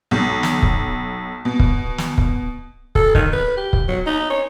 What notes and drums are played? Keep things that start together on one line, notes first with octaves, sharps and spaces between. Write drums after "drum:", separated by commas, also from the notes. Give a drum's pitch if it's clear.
B1
drum: snare
drum: kick
B2
drum: kick
drum: snare
drum: kick
A4, drum: kick
D#3, drum: kick
B4
G4
drum: kick
F#3
D#4
C#5